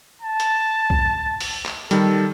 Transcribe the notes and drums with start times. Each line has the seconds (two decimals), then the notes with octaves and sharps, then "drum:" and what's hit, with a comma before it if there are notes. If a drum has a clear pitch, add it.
0.22 A5
0.40 drum: hi-hat
0.90 drum: kick
1.40 drum: open hi-hat
1.66 drum: clap
1.91 D#3 G3 A4, drum: hi-hat